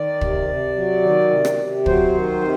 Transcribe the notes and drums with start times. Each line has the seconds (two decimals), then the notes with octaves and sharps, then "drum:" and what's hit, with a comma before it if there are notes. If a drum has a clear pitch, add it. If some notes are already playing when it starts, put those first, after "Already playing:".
Already playing: D#3 D5
0.21 C3, drum: kick
0.48 C3
0.76 F#3
1.03 D#3
1.30 C3
1.45 drum: rim click
1.59 C3
1.86 F#3 C5, drum: kick
2.14 D#3
2.42 C3